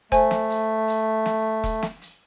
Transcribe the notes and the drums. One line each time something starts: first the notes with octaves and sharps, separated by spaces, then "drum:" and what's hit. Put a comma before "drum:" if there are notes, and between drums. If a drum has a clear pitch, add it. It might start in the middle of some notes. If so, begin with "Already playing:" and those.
A3 C5 G#5, drum: kick E1, hi-hat
drum: snare
drum: hi-hat
drum: hi-hat
drum: snare
drum: kick E1, hi-hat
drum: snare
drum: hi-hat